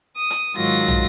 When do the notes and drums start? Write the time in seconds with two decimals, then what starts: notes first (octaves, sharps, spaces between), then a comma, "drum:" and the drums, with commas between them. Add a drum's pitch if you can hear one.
0.15 D#6
0.30 drum: hi-hat
0.56 G#2 D#3 F#3 F4 A#6
0.88 drum: tom